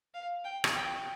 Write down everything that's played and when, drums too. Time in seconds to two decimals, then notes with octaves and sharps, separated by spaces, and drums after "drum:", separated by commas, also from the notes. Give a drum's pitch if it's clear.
0.14 F5
0.44 G5
0.64 drum: rim click
0.75 G5